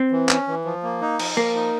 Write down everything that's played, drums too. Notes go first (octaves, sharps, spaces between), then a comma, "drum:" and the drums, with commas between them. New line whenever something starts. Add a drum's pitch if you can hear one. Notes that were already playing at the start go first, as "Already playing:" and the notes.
Already playing: C4
E3
C#4, drum: clap
E3
F3
A#3
D#4
F3, drum: cymbal
F3 A#3
D#4